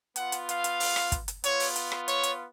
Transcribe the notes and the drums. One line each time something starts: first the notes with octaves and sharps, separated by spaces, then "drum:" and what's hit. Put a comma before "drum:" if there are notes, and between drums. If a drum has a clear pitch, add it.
B3 F4 F#5, drum: hi-hat
drum: hi-hat
F5, drum: hi-hat
drum: hi-hat
drum: open hi-hat
drum: rim click
drum: kick, hi-hat
drum: hi-hat
B3 F4 C#5, drum: hi-hat
drum: open hi-hat
drum: hi-hat
drum: rim click
C#5, drum: hi-hat
drum: hi-hat